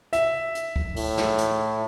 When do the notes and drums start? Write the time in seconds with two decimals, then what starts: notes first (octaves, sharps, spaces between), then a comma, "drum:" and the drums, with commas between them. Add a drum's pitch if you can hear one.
0.13 E5, drum: hi-hat
0.55 drum: hi-hat
0.76 drum: kick
0.96 A2, drum: open hi-hat
1.17 drum: snare
1.38 drum: hi-hat